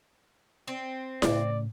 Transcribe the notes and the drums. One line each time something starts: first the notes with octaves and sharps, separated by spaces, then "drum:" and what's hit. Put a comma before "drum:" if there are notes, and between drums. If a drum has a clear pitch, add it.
C4
A2 C#3 D5, drum: snare E4